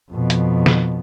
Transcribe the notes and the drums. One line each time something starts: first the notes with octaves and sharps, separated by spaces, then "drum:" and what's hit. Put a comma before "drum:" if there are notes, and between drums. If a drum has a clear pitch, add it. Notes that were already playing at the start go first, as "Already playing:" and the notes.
F2 B2
drum: hi-hat
drum: snare